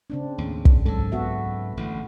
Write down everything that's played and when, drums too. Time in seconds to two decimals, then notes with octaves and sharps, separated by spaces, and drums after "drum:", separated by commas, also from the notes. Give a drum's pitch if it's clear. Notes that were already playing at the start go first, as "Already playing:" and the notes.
0.10 C#3 C4 D4
0.38 D#2 A2
0.65 drum: kick
0.85 G#2 F#3 A4
1.12 B3 F#4 E5
1.77 A1 A2 D3